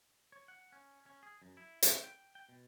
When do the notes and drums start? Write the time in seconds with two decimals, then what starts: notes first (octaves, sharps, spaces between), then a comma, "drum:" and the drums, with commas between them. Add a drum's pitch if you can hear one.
0.32 C#5
0.48 F#5
0.72 C#4
1.06 C#4
1.23 G#4
1.42 F#2
1.57 E4
1.83 E5, drum: hi-hat
2.04 G5
2.35 G5
2.49 B2